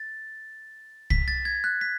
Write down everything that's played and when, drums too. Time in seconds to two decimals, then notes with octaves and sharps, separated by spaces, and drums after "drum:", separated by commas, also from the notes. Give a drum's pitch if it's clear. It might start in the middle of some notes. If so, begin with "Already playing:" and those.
Already playing: A6
1.10 B6, drum: kick C2
1.28 A6
1.45 G#6
1.64 F#6
1.81 B6